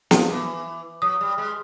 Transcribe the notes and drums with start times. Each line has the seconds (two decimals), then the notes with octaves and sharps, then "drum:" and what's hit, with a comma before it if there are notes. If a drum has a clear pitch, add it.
0.11 F3, drum: snare
0.30 E3
1.02 F#3 D#6
1.21 G3
1.38 G#3